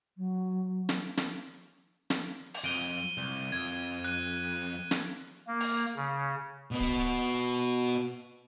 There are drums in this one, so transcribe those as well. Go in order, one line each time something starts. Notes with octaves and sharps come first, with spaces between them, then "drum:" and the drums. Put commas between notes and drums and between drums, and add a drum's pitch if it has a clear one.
F#3
drum: snare
drum: snare
drum: snare
drum: open hi-hat
F2 D7 D#7 G7
C2
F2 G#6
F#6 D#7, drum: hi-hat
drum: snare
A#3
drum: open hi-hat
C#3
B2 B3
drum: kick D1